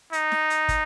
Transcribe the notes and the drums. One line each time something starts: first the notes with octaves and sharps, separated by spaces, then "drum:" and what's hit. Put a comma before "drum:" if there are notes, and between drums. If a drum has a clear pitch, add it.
D#4, drum: hi-hat
drum: snare
drum: hi-hat
drum: kick, hi-hat